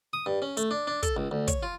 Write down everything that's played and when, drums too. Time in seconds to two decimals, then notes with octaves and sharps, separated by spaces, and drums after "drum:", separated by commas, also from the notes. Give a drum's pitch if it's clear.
0.13 D#6
0.26 G2
0.42 C#4
0.57 A3, drum: hi-hat
0.71 D4
0.87 D4
1.03 A4, drum: kick, hi-hat
1.17 C#2
1.31 D2
1.48 C#5, drum: kick, hi-hat
1.63 F4